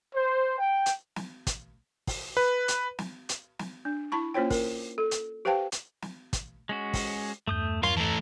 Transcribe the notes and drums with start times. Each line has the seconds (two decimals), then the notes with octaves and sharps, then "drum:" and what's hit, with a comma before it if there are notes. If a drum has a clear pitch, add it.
0.15 C5
0.59 G5
0.86 drum: hi-hat
1.16 drum: snare
1.47 drum: kick, hi-hat
2.07 drum: kick, open hi-hat
2.37 B4
2.68 drum: hi-hat
2.99 drum: snare
3.29 drum: hi-hat
3.59 drum: snare
3.85 D4
4.12 E4 A5 B5 C#6
4.34 A#3 C#4 F4 C5 C#5 G5
4.50 A#4, drum: kick, open hi-hat
4.98 A4
5.11 drum: hi-hat
5.45 G4 B4 C5 F5 G5 A5
5.72 drum: hi-hat
6.02 drum: snare
6.33 drum: kick, hi-hat
6.69 G#3 C#4 F#4
6.94 drum: kick, open hi-hat
7.47 E2 G2 A3 D#6 G6
7.83 F4 A#4 C#5 C6, drum: snare
7.97 E3 A3 A5 A#5